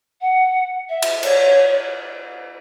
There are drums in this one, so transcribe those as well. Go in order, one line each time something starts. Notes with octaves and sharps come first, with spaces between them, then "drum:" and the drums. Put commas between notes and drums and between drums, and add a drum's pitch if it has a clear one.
F#5
E5
drum: cymbal
C#5, drum: cymbal